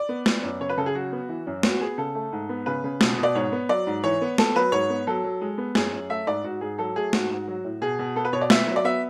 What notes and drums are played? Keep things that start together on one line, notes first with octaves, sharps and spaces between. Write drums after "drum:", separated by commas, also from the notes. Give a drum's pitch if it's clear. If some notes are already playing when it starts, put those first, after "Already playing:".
Already playing: D5
B3
B3, drum: snare
F#2
C#3 C#5
B4
C#3 A4
G#4
F#3 F#4
B3
E3
F#2
B3 F#4, drum: snare
B3 G#4
C#3 A4
A3
G#2
B3
C#3 B4
C#3
B2, drum: snare
B2
D5
G#2 C#5
B3
F#3 D5
G#2
E3 C#5
B3
B3 A4, drum: snare
F#3 B4
G#2 C#5
B3
F#3 A4
F#3
G#3
B3
F#2 G#4, drum: snare
F#2
A3 E5
G#2 D5
G#2 F#4
G#2 G#4
F#3 A4
A3 G#4
G#2 F#4, drum: snare
G#2
F#3
A2
B2 G#4
B2
B3 A4
B4
B2 C#5
D5
B3 E5, drum: snare
F#3
D5
B3 E5